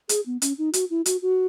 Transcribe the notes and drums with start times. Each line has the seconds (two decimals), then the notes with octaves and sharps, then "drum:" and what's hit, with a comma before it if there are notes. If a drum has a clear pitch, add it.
0.09 G#4, drum: hi-hat
0.26 B3
0.42 C#4, drum: hi-hat
0.58 D#4
0.73 F#4, drum: hi-hat
0.90 E4
1.06 F#4, drum: hi-hat
1.22 F#4